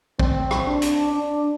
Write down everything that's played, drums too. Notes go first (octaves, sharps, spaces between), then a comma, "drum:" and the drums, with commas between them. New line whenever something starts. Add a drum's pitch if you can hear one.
C4, drum: kick
drum: rim click
D4
drum: hi-hat
D4